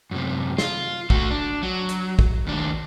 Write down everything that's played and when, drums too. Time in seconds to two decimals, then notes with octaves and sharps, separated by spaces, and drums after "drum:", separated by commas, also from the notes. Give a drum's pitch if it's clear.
0.11 F#2 C3
0.58 F4, drum: snare
1.10 A3 F#4, drum: kick
1.31 D4
1.63 F#3
1.89 drum: hi-hat
2.19 drum: kick
2.47 D#2 D4